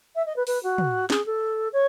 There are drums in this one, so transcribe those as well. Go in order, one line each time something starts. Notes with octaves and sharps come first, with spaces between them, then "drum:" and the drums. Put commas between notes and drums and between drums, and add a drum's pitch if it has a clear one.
E5
D#5
B4
B4, drum: open hi-hat
F#4
drum: tom
G#4, drum: snare
A4
C#5